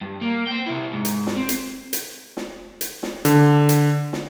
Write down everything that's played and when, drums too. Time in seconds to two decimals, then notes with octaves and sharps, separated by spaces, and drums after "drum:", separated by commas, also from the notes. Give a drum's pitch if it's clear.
0.01 G2
0.22 A#3
0.47 C5 G5
0.66 C3 E4
0.93 G#2
1.05 drum: hi-hat
1.27 drum: snare
1.37 C4
1.49 drum: hi-hat
1.93 drum: hi-hat
2.37 drum: snare
2.81 drum: hi-hat
3.03 drum: snare
3.25 D3, drum: hi-hat
3.69 drum: hi-hat
4.13 drum: snare